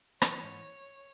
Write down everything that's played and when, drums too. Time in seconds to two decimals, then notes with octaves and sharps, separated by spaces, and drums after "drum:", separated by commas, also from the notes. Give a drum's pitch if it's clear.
0.22 E3 C#5, drum: rim click
0.43 G#2